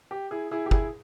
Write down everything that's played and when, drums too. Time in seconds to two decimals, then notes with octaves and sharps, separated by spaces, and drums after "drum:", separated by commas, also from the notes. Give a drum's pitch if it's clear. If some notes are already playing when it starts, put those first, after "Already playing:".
0.11 G4
0.31 E4 G#4
0.51 E4 G#4
0.66 G4
0.71 E4 G#4, drum: kick